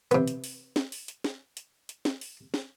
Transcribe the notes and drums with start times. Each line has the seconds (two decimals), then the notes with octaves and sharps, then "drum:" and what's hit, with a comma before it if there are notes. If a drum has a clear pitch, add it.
0.11 C3 B3, drum: hi-hat
0.27 drum: hi-hat
0.44 drum: open hi-hat
0.76 drum: snare
0.92 drum: open hi-hat
1.08 drum: hi-hat
1.24 drum: snare
1.57 drum: hi-hat
1.89 drum: hi-hat
2.05 drum: snare
2.21 drum: open hi-hat
2.54 drum: snare